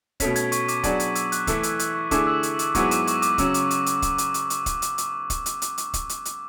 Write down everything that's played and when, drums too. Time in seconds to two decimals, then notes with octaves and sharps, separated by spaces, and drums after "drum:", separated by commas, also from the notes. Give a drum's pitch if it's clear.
0.20 B2 A3 C#4 B6, drum: kick, hi-hat
0.36 G#6, drum: hi-hat
0.52 C#6, drum: hi-hat
0.68 D6, drum: hi-hat
0.84 F#3 B3 D4 G#4 D5, drum: kick, hi-hat
1.00 drum: hi-hat
1.15 E6, drum: hi-hat
1.32 F#6, drum: hi-hat
1.47 E3 A3 E4, drum: kick, hi-hat
1.63 drum: hi-hat
1.79 E6, drum: hi-hat
1.95 C#6
2.11 D3 A3 E4 G#4 D6, drum: kick, hi-hat
2.27 E6
2.43 drum: hi-hat
2.59 drum: hi-hat
2.75 G#2 F#3 B3 E4 G#4 C#6, drum: kick, hi-hat
2.91 D6, drum: hi-hat
3.07 C#6, drum: hi-hat
3.22 D6, drum: hi-hat
3.38 C#3 F#3 C#4 E6, drum: kick, hi-hat
3.54 D6, drum: hi-hat
3.71 E6, drum: hi-hat
3.86 drum: hi-hat
4.02 drum: kick, hi-hat
4.18 drum: hi-hat
4.34 drum: hi-hat
4.50 drum: hi-hat
4.66 drum: kick, hi-hat
4.82 drum: hi-hat
4.98 drum: hi-hat
5.30 drum: kick, hi-hat
5.46 drum: hi-hat
5.62 drum: hi-hat
5.78 drum: hi-hat
5.94 drum: kick, hi-hat
6.09 drum: hi-hat
6.25 drum: hi-hat